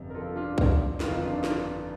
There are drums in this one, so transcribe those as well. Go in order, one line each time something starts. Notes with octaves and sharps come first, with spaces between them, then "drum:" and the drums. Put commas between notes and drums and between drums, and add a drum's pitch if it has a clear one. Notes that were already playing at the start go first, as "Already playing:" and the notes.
Already playing: G1 F2 C3
A#4
F4 A4
D4 F4
drum: kick C2
G1 F2 D#3 F4, drum: snare
D#4
D4 F4
drum: snare